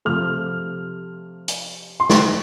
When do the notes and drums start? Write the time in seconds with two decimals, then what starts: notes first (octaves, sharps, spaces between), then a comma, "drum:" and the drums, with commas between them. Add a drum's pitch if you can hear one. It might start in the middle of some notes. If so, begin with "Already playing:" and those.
0.05 C3 F3 A3 F6
1.48 drum: hi-hat
2.00 C6
2.10 C#6, drum: snare